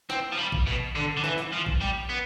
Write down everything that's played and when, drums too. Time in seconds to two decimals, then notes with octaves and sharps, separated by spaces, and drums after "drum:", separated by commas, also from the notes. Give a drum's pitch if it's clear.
0.10 C4, drum: snare
0.32 F3
0.38 G3
0.52 drum: kick
0.67 B2
0.95 D3
1.17 D3
1.24 E3, drum: snare
1.38 drum: snare
1.52 F3
1.66 drum: kick
1.81 G3
2.09 B3